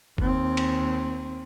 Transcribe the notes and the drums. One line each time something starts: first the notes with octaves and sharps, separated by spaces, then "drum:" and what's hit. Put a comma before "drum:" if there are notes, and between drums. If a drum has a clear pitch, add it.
D#2 C4, drum: kick F1
drum: cymbal